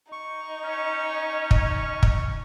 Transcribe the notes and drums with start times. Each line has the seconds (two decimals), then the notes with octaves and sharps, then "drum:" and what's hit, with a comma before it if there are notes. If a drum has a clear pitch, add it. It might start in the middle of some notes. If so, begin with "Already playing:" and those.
0.12 D#4 C#6
0.64 C#4
1.51 drum: kick
2.03 drum: kick